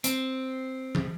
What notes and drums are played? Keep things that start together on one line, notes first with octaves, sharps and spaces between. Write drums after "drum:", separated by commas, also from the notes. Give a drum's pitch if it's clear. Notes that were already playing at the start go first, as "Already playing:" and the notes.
C4, drum: hi-hat
drum: tom E3